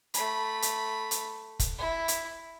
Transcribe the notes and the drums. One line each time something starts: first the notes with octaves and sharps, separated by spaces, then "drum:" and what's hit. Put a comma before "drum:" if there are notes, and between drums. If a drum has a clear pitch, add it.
A3 B5, drum: hi-hat
drum: hi-hat
drum: hi-hat
drum: kick, hi-hat
E4
drum: hi-hat